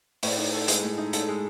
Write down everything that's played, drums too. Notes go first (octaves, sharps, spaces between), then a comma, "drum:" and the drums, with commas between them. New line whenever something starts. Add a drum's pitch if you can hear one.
A2, drum: open hi-hat
D#4
A4
G#3, drum: hi-hat
A2
D#4
A4, drum: hi-hat
G#3